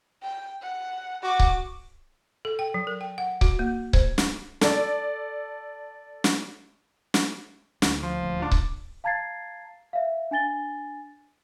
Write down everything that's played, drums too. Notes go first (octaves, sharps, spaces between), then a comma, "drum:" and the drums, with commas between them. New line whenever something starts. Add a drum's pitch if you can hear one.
G5
F#5
F#4 D6
drum: kick C#1
A4
G5
F#3
A#4
G5
F#5
F#4, drum: kick C#1
A#3
C5, drum: kick C#1
drum: snare
A4 D5, drum: snare
drum: snare
drum: snare
D2, drum: snare
F3
D#1 D2
D4 F4
drum: kick C#1
F5 A5 A#5 G#6 A6 C7
E5 F5
D4 G#5 A6 G7